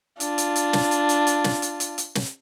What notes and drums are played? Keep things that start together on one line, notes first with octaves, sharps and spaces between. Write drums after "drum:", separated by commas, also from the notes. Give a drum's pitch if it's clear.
D4 F4, drum: hi-hat
drum: hi-hat
drum: hi-hat
drum: snare
drum: hi-hat
drum: hi-hat
drum: hi-hat
drum: snare
drum: hi-hat
drum: hi-hat
drum: hi-hat
drum: snare